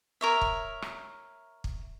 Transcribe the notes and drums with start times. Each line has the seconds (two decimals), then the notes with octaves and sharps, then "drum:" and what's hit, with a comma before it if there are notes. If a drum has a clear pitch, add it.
0.21 A#4 C#5 E5
0.41 drum: kick
0.82 drum: rim click
1.64 drum: kick